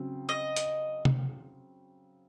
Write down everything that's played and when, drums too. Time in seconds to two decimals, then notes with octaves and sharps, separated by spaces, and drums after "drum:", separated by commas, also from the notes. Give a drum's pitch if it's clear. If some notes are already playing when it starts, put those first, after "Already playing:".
Already playing: C#3 F#3 C4
0.29 D#5
0.56 drum: hi-hat
1.05 drum: tom C3